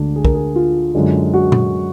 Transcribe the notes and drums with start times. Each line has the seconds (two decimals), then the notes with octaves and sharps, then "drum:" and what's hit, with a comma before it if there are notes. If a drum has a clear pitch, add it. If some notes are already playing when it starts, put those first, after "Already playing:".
Already playing: D2 D3 G#3 D4
0.16 G#4
0.25 A#4, drum: kick
0.35 G#4
0.56 F4
0.95 F#2 D3 G#3
1.34 F#4
1.52 drum: tom A#2